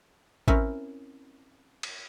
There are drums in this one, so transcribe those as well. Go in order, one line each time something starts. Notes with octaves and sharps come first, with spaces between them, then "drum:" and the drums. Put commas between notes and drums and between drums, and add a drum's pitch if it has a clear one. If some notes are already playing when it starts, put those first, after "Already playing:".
C4 C#4 E4 A#4 C#5, drum: kick A1
drum: cymbal